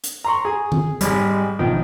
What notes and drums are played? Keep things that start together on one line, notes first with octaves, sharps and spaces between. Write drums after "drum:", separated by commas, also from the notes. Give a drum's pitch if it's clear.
drum: hi-hat
A#5 C6 C#6
G#4
drum: tom D#3
G#1 G3 G#3, drum: hi-hat
A1 B2 D#3 F3